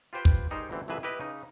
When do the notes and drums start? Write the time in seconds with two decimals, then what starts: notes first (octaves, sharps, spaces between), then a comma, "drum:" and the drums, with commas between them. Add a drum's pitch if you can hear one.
0.13 F4 G4 B4 C5 G5
0.25 drum: kick
0.51 G3 D#4 G#4 A#4 C5
0.69 G1 D2 E3 C4
0.88 C2 F2 E3 G#4 B4 E5
1.03 E4 G4 B4 D#5
1.20 C#3 D#4